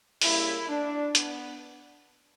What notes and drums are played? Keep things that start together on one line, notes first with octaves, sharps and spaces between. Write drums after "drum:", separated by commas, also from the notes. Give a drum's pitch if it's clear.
C#3 G3 A#3 E4, drum: open hi-hat
D4
B3, drum: hi-hat